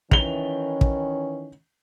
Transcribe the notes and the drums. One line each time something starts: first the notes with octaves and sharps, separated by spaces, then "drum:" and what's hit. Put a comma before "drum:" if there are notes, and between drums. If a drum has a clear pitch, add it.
D#3 E3 C#4 F7 G7, drum: kick
drum: kick